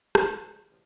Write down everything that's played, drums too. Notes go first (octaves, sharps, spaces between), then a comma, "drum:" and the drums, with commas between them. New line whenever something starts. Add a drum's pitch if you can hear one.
F3, drum: rim click
C#2
A1 C3 F3